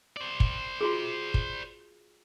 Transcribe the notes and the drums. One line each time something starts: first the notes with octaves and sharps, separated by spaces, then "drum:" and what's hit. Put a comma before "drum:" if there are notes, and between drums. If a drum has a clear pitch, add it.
C5 D5
drum: kick
F4 F#4 G#4
drum: kick